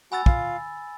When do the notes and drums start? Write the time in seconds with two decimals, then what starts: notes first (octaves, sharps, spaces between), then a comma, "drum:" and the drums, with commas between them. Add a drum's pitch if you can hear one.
0.11 F#4 F#5 G#5 B5 E6 A6
0.26 F4 F5, drum: kick